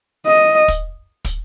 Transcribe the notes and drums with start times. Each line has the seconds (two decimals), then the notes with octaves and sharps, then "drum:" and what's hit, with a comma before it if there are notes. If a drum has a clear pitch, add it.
0.26 D#5
0.68 drum: kick, hi-hat
1.25 drum: kick, hi-hat